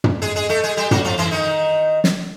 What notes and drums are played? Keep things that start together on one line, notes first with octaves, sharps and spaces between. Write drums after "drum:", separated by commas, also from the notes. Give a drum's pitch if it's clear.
drum: tom
G#3 G#4
G#3 G#4
A3 A4
G#3 G#4
G3 G4
F#3 F#4, drum: tom
F3 F4
E3 E4
D#3 D#4
drum: snare